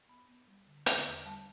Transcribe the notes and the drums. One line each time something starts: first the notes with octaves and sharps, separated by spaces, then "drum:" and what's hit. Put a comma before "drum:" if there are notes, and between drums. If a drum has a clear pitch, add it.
B3 B5
B3
G3
D3
D3, drum: hi-hat
E2
G3 A5